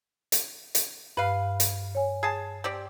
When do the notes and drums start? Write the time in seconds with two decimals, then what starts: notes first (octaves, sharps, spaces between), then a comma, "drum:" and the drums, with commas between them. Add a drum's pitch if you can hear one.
0.32 drum: hi-hat
0.75 drum: hi-hat
1.17 G2 B4 F5
1.60 drum: hi-hat
1.95 C#5 G#5
2.23 G#4 A5
2.64 C4 G4 D5